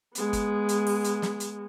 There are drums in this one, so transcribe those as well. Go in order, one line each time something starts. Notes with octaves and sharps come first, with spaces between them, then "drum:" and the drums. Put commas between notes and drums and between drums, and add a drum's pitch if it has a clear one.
G#3 B3, drum: hi-hat
drum: kick, hi-hat
drum: hi-hat
drum: open hi-hat
drum: hi-hat
drum: snare
drum: hi-hat